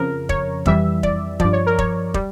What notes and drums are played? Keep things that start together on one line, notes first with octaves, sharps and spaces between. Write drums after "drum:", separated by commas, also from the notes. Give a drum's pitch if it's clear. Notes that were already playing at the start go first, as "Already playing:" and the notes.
Already playing: F2 C#3 F3 A#4
C#5, drum: kick
F2 E3 G3 E5, drum: kick
D5, drum: kick
G2 F3 D5, drum: kick
C#5
A#4
C#5, drum: kick
G3, drum: kick